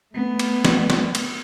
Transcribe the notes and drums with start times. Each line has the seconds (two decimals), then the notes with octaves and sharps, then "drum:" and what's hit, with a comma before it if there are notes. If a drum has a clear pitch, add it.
0.14 A3 B3
0.39 drum: cymbal
0.65 drum: snare
0.90 drum: snare
1.15 drum: cymbal